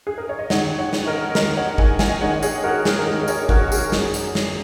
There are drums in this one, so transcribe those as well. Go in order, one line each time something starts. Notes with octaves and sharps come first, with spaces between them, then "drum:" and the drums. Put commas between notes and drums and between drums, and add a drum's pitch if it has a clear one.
G#4
A#4
C#5
D#5
D#2 D#3 G#3 D#4 C#5 F#5, drum: snare
C#5 F#5
drum: snare
A#4 D#5
D#2 D#3 G#3 D#4 A#4 D#5, drum: snare
C#5 F#5
D#5 G#5, drum: kick G#1
D#5 G#5, drum: snare
D#2 D#3 G#3 D#4 C#5 F#5
D#5
G#4 C#5, drum: tambourine
F#4 A#4
G#4, drum: snare
A#4
D#2 D#3 G#3 D#4 G#4
D#5
G#4 C#5, drum: tambourine
F#4 A#4, drum: kick G#1
F#4
G#4, drum: tambourine
F#2 F#3 C#4, drum: snare
drum: tambourine
drum: snare